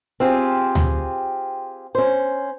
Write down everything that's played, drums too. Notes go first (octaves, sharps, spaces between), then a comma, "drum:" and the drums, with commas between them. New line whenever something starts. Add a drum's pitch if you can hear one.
C4 F4 G4 G#4
drum: tom D2
C#4 C5